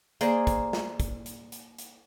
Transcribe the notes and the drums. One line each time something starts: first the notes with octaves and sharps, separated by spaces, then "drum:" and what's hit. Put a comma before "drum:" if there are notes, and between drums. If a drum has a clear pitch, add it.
A#3 G#4 C5 D5, drum: hi-hat
drum: kick, hi-hat
drum: snare
drum: kick, hi-hat
drum: hi-hat
drum: hi-hat
drum: hi-hat